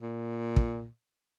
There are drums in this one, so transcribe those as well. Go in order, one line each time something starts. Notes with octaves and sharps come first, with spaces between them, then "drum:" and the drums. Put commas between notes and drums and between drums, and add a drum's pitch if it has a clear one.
A#2
drum: kick